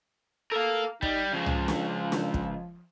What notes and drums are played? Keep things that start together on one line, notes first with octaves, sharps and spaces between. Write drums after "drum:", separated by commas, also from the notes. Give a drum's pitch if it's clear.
A4 A#4 F5
G3 D#4, drum: kick
C#3 F3 G#3
drum: tom C2
drum: snare
drum: snare
drum: kick